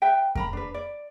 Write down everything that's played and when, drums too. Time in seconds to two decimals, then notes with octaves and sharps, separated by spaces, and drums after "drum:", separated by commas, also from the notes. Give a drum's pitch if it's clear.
0.02 B4 E5 G5
0.35 A#4 A#5 B5, drum: kick F2
0.53 D4 B4
0.74 D5